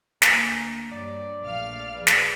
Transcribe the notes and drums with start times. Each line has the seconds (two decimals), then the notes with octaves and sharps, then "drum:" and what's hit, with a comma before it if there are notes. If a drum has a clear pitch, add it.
0.22 D2 A#3 G#5 A#5 G6, drum: snare
0.91 G2 F#3 D5
1.42 A#1 A3 F5 F6
1.95 F3 G#4 B4
2.07 drum: snare